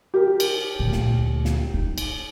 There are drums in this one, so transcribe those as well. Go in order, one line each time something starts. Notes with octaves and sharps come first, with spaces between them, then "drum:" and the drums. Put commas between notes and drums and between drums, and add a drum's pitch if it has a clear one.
G4 A#4
drum: cymbal
D2 A#2
drum: snare
drum: snare
D#4
drum: cymbal